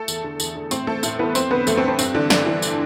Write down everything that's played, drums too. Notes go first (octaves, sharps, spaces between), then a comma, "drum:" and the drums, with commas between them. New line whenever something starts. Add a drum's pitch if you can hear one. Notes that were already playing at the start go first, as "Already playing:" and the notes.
Already playing: A3 A4
E2, drum: tambourine
D3
E2, drum: tambourine
D3
A2 C4 C5, drum: tambourine
E3 A3 A4
A2 A3 A4, drum: tambourine
E3 B3 B4
F2 C4 C5, drum: tambourine
D3 B3 B4
F2 A3 A4, drum: tambourine
C4
D3
C4
G2 C4, drum: tambourine
D3 E3 D4
G2 D3 D4, drum: snare
E3
drum: tambourine